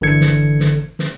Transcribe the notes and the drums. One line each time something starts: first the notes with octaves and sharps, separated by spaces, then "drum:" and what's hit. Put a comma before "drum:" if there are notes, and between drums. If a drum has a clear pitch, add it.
G1 D3 E3 A4 G#6 C#7
drum: snare
drum: snare
drum: snare